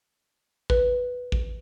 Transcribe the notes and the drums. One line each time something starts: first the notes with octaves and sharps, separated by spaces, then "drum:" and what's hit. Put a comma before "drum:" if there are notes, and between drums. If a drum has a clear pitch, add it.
B4, drum: kick A1
drum: kick A1